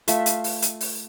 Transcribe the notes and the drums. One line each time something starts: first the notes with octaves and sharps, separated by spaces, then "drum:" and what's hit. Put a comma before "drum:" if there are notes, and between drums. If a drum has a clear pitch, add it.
A3 F4 E5, drum: hi-hat
drum: hi-hat
drum: open hi-hat
drum: hi-hat
drum: open hi-hat